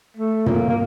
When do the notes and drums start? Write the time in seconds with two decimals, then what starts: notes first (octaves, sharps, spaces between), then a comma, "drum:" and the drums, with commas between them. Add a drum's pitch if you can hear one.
0.17 A3
0.46 A#3, drum: tom
0.69 A#3